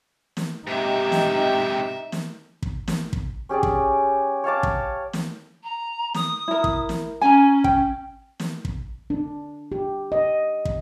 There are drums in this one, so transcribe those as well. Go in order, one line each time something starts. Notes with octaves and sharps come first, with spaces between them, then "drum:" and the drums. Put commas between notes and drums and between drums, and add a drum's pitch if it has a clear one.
drum: snare
G#2 C3 D#4 G4 E5
drum: snare
drum: snare
drum: kick
drum: snare
drum: kick
C#4 G4 G#4 D5
drum: kick
C#5 F5 A5 D6
drum: kick
drum: snare
A#5
D#6, drum: snare
E4 A#4
drum: kick
drum: snare
C#4 G#5 A#5
G5, drum: kick
drum: snare
drum: kick
D4
G4
D#5
drum: kick